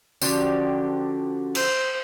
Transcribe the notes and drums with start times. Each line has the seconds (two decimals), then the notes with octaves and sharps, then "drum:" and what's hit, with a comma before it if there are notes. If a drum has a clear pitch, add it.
0.22 D3 F3 C#4 F#4 G4, drum: tambourine
1.55 C5, drum: cymbal